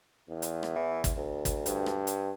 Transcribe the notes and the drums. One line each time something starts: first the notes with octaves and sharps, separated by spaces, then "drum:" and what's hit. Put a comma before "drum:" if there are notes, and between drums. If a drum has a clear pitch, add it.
E2
drum: hi-hat
drum: rim click
E3
drum: kick, hi-hat
D2
drum: kick, hi-hat
G2, drum: hi-hat
drum: rim click
drum: hi-hat